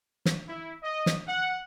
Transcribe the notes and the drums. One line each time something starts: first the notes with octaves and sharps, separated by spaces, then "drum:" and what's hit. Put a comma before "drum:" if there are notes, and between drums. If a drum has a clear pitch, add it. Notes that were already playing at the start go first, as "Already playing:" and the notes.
drum: snare
E4
D#5
drum: snare
F#5